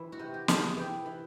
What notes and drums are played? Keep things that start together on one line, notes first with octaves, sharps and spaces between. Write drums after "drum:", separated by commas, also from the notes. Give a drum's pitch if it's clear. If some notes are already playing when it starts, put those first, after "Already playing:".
Already playing: E3
F#4
C3
G4
C3, drum: snare
G#4
E3 G4
E3